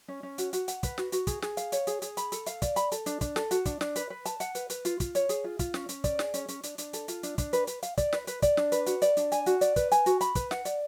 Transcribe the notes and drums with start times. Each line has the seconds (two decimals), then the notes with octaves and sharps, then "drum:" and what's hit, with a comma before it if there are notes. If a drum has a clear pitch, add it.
0.08 C#4
0.23 C#4
0.38 F#4, drum: hi-hat
0.53 F#4, drum: hi-hat
0.68 F#5, drum: hi-hat
0.83 B4, drum: kick, hi-hat
0.98 F#4, drum: snare
1.12 F#4, drum: hi-hat
1.27 G#4, drum: kick, hi-hat
1.42 G#4, drum: snare
1.57 F5, drum: hi-hat
1.72 C#5, drum: hi-hat
1.87 G#4, drum: hi-hat
2.02 G#4, drum: hi-hat
2.17 B5, drum: hi-hat
2.32 A4, drum: hi-hat
2.46 F5, drum: hi-hat
2.62 D5, drum: kick, hi-hat
2.76 B5, drum: hi-hat
2.92 A4, drum: hi-hat
3.06 D4, drum: hi-hat
3.21 D4, drum: kick, hi-hat
3.36 A4, drum: snare
3.51 F#4, drum: hi-hat
3.66 D4, drum: kick, hi-hat
3.81 D4, drum: snare
3.96 B4, drum: hi-hat
4.10 B4
4.26 A5, drum: hi-hat
4.40 F#5, drum: hi-hat
4.55 B4, drum: hi-hat
4.70 B4, drum: hi-hat
4.85 F4, drum: hi-hat
5.00 F4, drum: kick, hi-hat
5.15 C#5, drum: hi-hat
5.29 G#4, drum: hi-hat
5.44 F4
5.59 F4, drum: kick, hi-hat
5.74 C#4, drum: snare
5.89 C#4, drum: hi-hat
6.04 D5, drum: kick, hi-hat
6.19 G#4, drum: snare
6.34 C#4, drum: hi-hat
6.49 C#4, drum: hi-hat
6.64 D4, drum: hi-hat
6.78 D4, drum: hi-hat
6.93 A4, drum: hi-hat
7.08 F4, drum: hi-hat
7.23 D4, drum: hi-hat
7.38 D4, drum: kick, hi-hat
7.53 B4, drum: hi-hat
7.67 B4, drum: hi-hat
7.83 F5, drum: hi-hat
7.98 D5, drum: kick, hi-hat
8.13 B4, drum: snare
8.27 B4, drum: hi-hat
8.42 D5, drum: kick, hi-hat
8.57 D4, drum: snare
8.72 B4, drum: hi-hat
8.87 F#4, drum: hi-hat
9.02 D5, drum: hi-hat
9.17 D4, drum: hi-hat
9.32 G#5, drum: hi-hat
9.46 F#4, drum: hi-hat
9.61 D5, drum: hi-hat
9.76 B4, drum: kick, hi-hat
9.92 G#5, drum: hi-hat
10.06 F#4, drum: hi-hat
10.21 B5, drum: hi-hat
10.35 B4, drum: kick, hi-hat
10.51 F#5, drum: snare
10.65 D5, drum: hi-hat